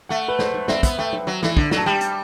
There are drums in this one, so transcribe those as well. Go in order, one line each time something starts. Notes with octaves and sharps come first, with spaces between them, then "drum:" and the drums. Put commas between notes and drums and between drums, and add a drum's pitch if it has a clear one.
A3 F#5
B4
C5, drum: snare
drum: tom
C4 E5, drum: snare
B3, drum: kick, hi-hat
A3 G5
drum: tom
F#3
E3, drum: snare
D3, drum: kick
F#3, drum: snare
A5
G3 G5
drum: hi-hat